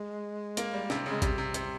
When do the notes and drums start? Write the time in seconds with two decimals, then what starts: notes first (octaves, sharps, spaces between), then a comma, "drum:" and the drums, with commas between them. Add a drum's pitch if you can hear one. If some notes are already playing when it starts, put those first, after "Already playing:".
Already playing: G#3
0.57 A#3, drum: hi-hat
0.73 G3
0.90 C3, drum: snare
1.06 C#3 G#3
1.22 C3 G3, drum: kick, hi-hat
1.38 C3
1.54 C3, drum: hi-hat